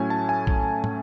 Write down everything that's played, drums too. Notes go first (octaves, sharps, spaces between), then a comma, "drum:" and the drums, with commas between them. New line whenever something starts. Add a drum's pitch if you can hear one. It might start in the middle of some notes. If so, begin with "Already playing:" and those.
Already playing: A2 F#3 A3 C#4 G#5
A5
G#5
drum: kick A#1
drum: tom